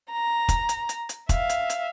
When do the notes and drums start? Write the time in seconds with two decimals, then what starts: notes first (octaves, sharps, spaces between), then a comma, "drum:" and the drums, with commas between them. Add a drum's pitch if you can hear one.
0.12 A#5
0.49 drum: kick, hi-hat
0.69 drum: hi-hat
0.89 drum: hi-hat
1.09 drum: hi-hat
1.29 E5 F5, drum: kick, hi-hat
1.49 drum: hi-hat
1.70 drum: hi-hat